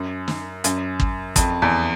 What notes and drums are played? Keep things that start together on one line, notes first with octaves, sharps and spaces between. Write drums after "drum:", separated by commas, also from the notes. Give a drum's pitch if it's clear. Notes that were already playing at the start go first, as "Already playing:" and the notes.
Already playing: F#2
drum: snare
F#2, drum: hi-hat
drum: kick
F2, drum: kick, hi-hat
E2